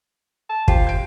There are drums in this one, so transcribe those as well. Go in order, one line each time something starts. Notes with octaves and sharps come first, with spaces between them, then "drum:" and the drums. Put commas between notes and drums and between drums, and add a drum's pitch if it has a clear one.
A5
F4 G4 C5 G5, drum: kick
G6 D7